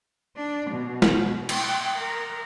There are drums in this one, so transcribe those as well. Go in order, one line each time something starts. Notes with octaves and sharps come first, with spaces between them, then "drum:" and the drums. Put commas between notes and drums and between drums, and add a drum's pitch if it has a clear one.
D4
B2
drum: snare
G5, drum: cymbal
A#4